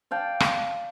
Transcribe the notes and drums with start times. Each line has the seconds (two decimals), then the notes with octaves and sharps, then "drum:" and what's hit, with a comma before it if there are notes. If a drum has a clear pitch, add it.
0.11 D5 F5 G5 A5
0.40 drum: rim click